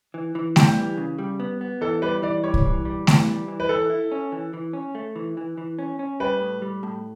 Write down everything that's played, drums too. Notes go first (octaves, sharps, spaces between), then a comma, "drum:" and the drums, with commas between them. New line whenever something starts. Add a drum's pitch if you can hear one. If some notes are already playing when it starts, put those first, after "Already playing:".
E3
E3
G3 G4, drum: snare A3
E3
C#3
G3
B3
B3
E3 A4
G3 B4
E3 D5
G3 C#5
drum: kick B1
E3
G3
E3, drum: snare A3
G3
E3
B4
E3 A4
E4
C#4
E3
E3
C#4
A3
E3
E3
E3
C#4
C#4
G3 B4
A2
G3
A2